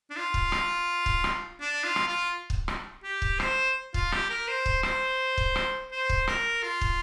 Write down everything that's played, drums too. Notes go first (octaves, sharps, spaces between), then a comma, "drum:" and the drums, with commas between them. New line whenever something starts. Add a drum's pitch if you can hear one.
D4
F4
drum: kick
drum: rim click
drum: kick
drum: rim click
D4
F4
drum: rim click
F4
drum: kick
drum: rim click
G4
drum: kick
C5, drum: rim click
F4, drum: kick
G4, drum: rim click
A#4
C5
drum: kick
C5, drum: rim click
drum: kick
drum: rim click
C5
drum: kick
A#4, drum: rim click
F4
drum: kick